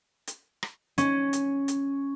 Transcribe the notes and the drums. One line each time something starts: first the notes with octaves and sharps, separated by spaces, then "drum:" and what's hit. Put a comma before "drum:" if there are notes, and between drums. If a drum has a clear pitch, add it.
drum: hi-hat
drum: rim click
C#4, drum: hi-hat
drum: hi-hat
drum: hi-hat